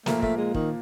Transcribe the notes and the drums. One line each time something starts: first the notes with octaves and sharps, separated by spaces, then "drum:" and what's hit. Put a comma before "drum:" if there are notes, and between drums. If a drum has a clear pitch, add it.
A#2 F3 A3 A#3, drum: snare
A3, drum: kick
G#3
D#3, drum: kick